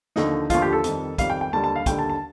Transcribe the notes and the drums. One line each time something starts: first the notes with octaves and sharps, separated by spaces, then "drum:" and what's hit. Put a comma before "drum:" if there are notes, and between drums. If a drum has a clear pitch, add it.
D#2 D3 F3 D#4, drum: snare
D#2 D3 F3 F4, drum: kick, hi-hat
G4
A4
F2 D#3 G3, drum: hi-hat
F2 D#3 G3 F5, drum: kick, hi-hat
G5
G5
D#2 D3 G3 A5
A5
F5
D#2 D3 G3 G5, drum: kick, hi-hat
A5
A5